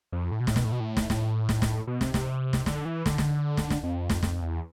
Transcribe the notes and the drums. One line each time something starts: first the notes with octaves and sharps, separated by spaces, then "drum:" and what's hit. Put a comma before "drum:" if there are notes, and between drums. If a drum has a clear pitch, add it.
F2
A2
B2
A2, drum: snare
B2, drum: snare
A2
B2
A2
drum: snare
A2, drum: snare
drum: snare
drum: snare
B2
C3, drum: snare
C3, drum: snare
drum: snare
D3, drum: snare
E3
D3, drum: snare
drum: snare
drum: snare
drum: snare
F2
drum: snare
F2, drum: snare
E2